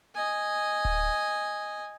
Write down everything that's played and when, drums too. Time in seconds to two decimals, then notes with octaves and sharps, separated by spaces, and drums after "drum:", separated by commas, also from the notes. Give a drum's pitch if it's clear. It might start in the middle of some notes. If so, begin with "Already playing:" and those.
0.15 D#5 G#5
0.85 drum: kick D1